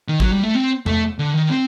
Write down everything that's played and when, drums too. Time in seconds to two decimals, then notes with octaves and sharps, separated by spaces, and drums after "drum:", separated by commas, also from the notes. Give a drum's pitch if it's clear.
0.08 D#3
0.20 F#3, drum: kick
0.32 G3
0.43 A3
0.55 C4
0.86 A3, drum: tom E2
1.19 D3
1.34 D#3
1.50 C4